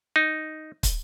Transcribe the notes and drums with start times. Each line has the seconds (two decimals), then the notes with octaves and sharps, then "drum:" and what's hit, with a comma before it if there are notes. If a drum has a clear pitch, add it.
0.16 D#4
0.83 drum: kick, hi-hat